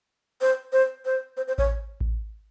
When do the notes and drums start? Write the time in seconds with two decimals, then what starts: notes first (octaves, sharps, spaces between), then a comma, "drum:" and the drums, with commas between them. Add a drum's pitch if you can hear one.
0.41 C5
0.73 C5
1.05 C5
1.37 C5
1.48 C5
1.58 C#5, drum: kick A1
2.01 drum: kick A1